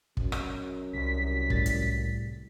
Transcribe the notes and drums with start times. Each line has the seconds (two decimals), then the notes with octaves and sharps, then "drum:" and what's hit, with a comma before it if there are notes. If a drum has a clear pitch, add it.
0.17 F#2, drum: kick
0.32 drum: rim click
0.93 C2 B6
1.50 A2 G3 A6, drum: kick
1.66 drum: hi-hat